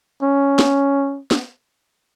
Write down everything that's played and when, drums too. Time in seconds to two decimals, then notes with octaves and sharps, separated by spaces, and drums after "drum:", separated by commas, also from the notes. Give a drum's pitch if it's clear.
0.23 C#4
0.59 drum: snare
1.31 drum: snare